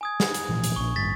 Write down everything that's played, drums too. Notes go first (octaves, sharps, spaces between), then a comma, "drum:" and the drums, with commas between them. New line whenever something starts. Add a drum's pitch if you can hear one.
G#5 D#6 G#6
drum: snare
drum: hi-hat
A#2 E3 F3
drum: hi-hat
A#1 A#2 C#6
A1 G2 A6 B6